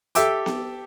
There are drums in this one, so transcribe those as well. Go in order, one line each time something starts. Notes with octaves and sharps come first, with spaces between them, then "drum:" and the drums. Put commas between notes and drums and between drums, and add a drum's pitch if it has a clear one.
G4 A4 E5 G5 D6, drum: hi-hat
drum: snare B3